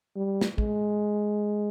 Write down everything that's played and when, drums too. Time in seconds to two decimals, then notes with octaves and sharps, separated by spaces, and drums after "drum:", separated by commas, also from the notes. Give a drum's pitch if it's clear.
0.16 G3
0.41 drum: snare
0.58 G#3, drum: kick